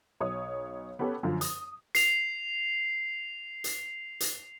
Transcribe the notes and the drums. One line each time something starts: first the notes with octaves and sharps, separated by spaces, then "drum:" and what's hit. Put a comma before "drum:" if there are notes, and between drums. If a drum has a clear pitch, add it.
B1 C#5 D#6
B3 C#4 G4 A4 C#5
F#2 D3 F3
D#6, drum: hi-hat
C7 F7, drum: hi-hat
drum: hi-hat
drum: hi-hat